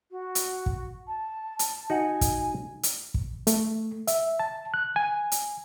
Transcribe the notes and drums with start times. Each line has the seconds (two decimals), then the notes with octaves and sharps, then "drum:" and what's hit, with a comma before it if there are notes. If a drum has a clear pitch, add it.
0.11 F#4
0.35 drum: hi-hat
0.66 drum: kick
1.08 A5
1.59 drum: hi-hat
1.90 D#4 F#4 F#5 G#5
2.21 drum: kick, hi-hat
2.83 drum: hi-hat
3.14 drum: kick
3.47 A3, drum: hi-hat
4.07 E5, drum: hi-hat
4.40 A5
4.74 F#6
4.96 G#5
5.32 drum: hi-hat